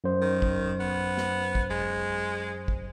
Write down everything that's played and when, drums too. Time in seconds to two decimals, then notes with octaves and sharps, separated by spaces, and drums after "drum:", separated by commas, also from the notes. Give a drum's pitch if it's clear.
0.04 F#2 C5
0.21 D#3
0.42 drum: kick
0.80 B3
1.18 drum: snare
1.55 drum: kick
1.70 G#3
2.68 drum: kick